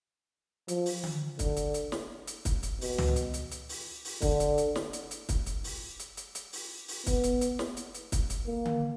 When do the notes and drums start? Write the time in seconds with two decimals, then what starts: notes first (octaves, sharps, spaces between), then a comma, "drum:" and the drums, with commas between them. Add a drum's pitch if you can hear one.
0.68 F3, drum: hi-hat
0.86 drum: open hi-hat
1.03 drum: tom D3
1.39 D3, drum: kick, hi-hat
1.57 drum: hi-hat
1.74 drum: hi-hat
1.92 drum: snare
2.27 drum: hi-hat
2.45 drum: kick, hi-hat
2.63 drum: hi-hat
2.81 B2, drum: open hi-hat
2.98 drum: tom
3.16 drum: hi-hat
3.34 drum: hi-hat
3.51 drum: hi-hat
3.69 drum: open hi-hat
4.05 drum: open hi-hat
4.22 D3, drum: kick, hi-hat
4.40 drum: hi-hat
4.58 drum: hi-hat
4.76 drum: snare
4.93 drum: hi-hat
5.11 drum: hi-hat
5.29 drum: kick, hi-hat
5.46 drum: hi-hat
5.64 drum: open hi-hat
6.00 drum: hi-hat
6.17 drum: hi-hat
6.35 drum: hi-hat
6.53 drum: open hi-hat
6.88 drum: open hi-hat
7.06 B3, drum: kick, hi-hat
7.24 drum: hi-hat
7.41 drum: hi-hat
7.59 drum: snare
7.77 drum: hi-hat
7.95 drum: hi-hat
8.12 drum: kick, hi-hat
8.30 drum: hi-hat
8.47 A#3
8.65 drum: tom D3